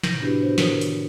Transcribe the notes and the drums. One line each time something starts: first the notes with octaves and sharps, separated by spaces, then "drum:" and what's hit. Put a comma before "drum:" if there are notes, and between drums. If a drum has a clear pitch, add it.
A2 C3 G6 A#6, drum: snare
B3 D4 E4 F#4 G4 B4
D#3 C5
A#4 C5 C#5 D#6, drum: snare
drum: hi-hat